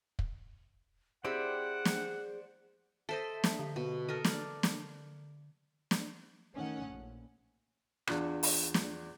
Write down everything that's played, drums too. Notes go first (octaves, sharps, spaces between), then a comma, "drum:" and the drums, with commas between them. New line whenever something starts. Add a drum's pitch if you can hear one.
drum: kick
C4 E4 G4 G#4 C5 D5 F#5
drum: snare
A4 C5 D#5 E5 A5 B6
drum: snare
D3
B2
A4 A#4 D#5
D5, drum: snare
drum: snare
drum: snare
D#3 A3 C#4 F#5
A#1
E2 D4 F4 F#6, drum: rim click
drum: open hi-hat
drum: snare